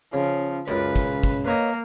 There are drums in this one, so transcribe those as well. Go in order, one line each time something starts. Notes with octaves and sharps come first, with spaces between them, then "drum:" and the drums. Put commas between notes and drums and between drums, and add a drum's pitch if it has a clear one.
C#3 F3 C#4
C#2 F#2 C#3 B4, drum: hi-hat
drum: kick, hi-hat
drum: kick, hi-hat
A#3 B4 C#5 D#5